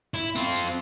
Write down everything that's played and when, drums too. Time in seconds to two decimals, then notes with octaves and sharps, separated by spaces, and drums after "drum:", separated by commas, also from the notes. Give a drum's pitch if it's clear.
0.14 E4
0.36 C4 F4, drum: tambourine
0.56 drum: tambourine